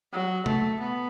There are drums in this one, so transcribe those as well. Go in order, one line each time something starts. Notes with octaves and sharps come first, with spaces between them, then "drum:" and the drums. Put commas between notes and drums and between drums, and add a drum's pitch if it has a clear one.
F#3
A3, drum: tom C3
B3